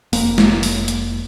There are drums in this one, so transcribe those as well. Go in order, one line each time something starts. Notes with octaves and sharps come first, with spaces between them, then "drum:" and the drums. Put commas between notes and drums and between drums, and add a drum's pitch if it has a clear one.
F1 A#3, drum: open hi-hat
drum: snare
drum: open hi-hat
drum: hi-hat